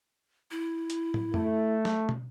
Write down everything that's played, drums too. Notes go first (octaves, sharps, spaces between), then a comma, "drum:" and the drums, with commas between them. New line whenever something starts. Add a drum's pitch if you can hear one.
E4
drum: hi-hat
drum: tom
A3, drum: tom F2
drum: snare
drum: tom